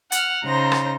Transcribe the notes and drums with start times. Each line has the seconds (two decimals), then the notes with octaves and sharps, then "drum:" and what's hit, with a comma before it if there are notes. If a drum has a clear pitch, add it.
0.12 F#5 F6, drum: hi-hat
0.45 C#3 D#4 C5 A#5 A#6
0.72 drum: rim click